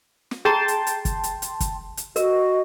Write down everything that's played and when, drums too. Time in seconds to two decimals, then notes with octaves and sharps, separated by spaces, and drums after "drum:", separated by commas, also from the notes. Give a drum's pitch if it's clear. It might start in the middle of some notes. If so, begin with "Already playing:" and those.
0.31 drum: snare
0.45 G#4 G5 A5 A#5 C6
0.68 drum: hi-hat
0.87 drum: hi-hat
1.05 drum: kick, hi-hat
1.24 drum: hi-hat
1.42 drum: hi-hat
1.60 drum: kick, hi-hat
1.97 drum: hi-hat
2.16 F#4 A#4 D#5, drum: hi-hat